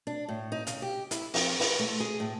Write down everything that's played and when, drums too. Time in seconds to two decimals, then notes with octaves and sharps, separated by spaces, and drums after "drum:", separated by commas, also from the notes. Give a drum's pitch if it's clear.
0.07 D4
0.29 A2
0.52 D#4
0.67 C#3, drum: hi-hat
0.82 G4
1.11 E4, drum: hi-hat
1.34 F2, drum: open hi-hat
1.60 B4, drum: open hi-hat
1.79 A3
2.00 G#4
2.20 A2